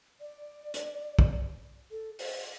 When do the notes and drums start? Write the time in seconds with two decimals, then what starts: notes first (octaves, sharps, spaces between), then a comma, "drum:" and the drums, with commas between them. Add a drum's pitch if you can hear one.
0.21 D5
0.74 drum: hi-hat
1.19 drum: kick
1.91 A4
2.19 C5, drum: open hi-hat